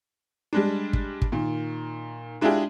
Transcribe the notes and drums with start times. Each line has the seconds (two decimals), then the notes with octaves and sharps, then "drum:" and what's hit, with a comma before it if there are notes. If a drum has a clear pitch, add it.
0.53 G3 G#3 D4
0.93 drum: kick
1.22 drum: kick
1.32 A#2 D#3
2.41 G#3 D4 E4 F4 G4 G#4